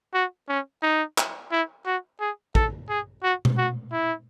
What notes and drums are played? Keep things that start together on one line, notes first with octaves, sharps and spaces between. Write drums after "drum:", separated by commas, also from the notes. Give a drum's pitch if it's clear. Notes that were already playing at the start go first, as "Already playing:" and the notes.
F#4
C#4
D#4
drum: clap
E4
F#4
G#4
A4, drum: kick
G#4
F#4
drum: tom B2
F#4
E4